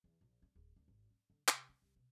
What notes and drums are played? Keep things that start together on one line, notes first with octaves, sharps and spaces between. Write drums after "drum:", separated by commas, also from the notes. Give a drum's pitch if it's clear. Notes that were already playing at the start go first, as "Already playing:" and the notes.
E2
A#1
D4
D1
D2
G#1
D4
D3
C3, drum: clap
D4
C2
B2